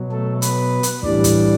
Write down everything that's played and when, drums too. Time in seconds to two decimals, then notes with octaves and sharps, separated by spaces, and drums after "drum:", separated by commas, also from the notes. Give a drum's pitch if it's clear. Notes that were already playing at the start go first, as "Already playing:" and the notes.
Already playing: B2 F#3
0.11 A3 A4
0.42 B3 B4, drum: hi-hat
0.83 drum: hi-hat
1.03 A2 E3 G3 D4 D5, drum: kick
1.24 drum: kick, hi-hat